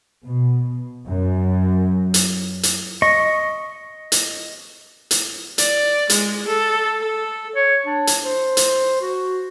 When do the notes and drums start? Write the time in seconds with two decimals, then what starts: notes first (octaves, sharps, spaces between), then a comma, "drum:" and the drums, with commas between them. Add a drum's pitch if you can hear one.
0.23 B2
1.07 F#2
2.14 drum: hi-hat
2.63 drum: hi-hat
3.02 D#5 C#6
4.12 drum: hi-hat
5.11 drum: hi-hat
5.58 D5, drum: hi-hat
6.10 G#3, drum: hi-hat
6.47 A4
7.00 A4
7.55 C#5
7.86 D4
8.07 drum: hi-hat
8.24 C5
8.57 drum: hi-hat
9.01 F#4